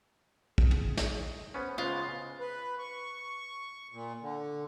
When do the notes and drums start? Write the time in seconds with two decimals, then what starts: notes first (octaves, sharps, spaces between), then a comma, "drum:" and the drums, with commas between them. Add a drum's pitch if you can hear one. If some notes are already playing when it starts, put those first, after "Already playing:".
0.58 G#4, drum: kick
0.71 drum: tom
0.97 drum: snare
1.54 B3 C#4 C5
1.78 C#3 G#3 B3 F4 C5
2.40 B4
2.79 C#6
3.92 A#2
4.22 D3